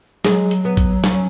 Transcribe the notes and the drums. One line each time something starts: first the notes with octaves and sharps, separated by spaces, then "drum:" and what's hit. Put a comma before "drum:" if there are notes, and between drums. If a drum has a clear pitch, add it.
F#3 G#3, drum: snare
drum: hi-hat
B3
drum: kick, hi-hat
C#4, drum: snare